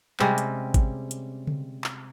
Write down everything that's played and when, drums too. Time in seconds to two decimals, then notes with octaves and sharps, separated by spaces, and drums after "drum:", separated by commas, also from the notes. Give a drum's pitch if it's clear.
0.20 C3 G3 G#3 C#4, drum: clap
0.38 drum: hi-hat
0.74 drum: kick, hi-hat
1.11 drum: hi-hat
1.47 drum: tom C#3
1.84 drum: clap